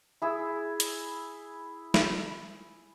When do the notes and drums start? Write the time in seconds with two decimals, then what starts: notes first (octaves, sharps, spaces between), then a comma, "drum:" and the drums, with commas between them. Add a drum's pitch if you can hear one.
0.22 E4 G#4 E6
0.80 drum: hi-hat
1.94 drum: snare